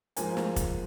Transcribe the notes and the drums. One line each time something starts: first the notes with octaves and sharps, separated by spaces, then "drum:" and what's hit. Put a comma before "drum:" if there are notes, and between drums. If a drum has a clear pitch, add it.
G#2 F3 A#3 G#5, drum: hi-hat
drum: snare
drum: kick, hi-hat